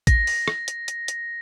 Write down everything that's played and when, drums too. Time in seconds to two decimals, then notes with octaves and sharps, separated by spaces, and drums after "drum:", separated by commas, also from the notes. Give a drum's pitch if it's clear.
0.07 A#6, drum: kick, hi-hat
0.27 drum: open hi-hat
0.48 drum: rim click
0.68 drum: hi-hat
0.88 drum: hi-hat
1.08 drum: hi-hat